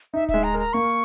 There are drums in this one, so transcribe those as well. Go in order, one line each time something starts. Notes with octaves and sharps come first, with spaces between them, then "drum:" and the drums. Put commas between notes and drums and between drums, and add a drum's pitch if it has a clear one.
D#4 E5
E5, drum: kick D1, hi-hat
G#3
A#5
A#4
A#5, drum: open hi-hat
A#3 C#6
drum: hi-hat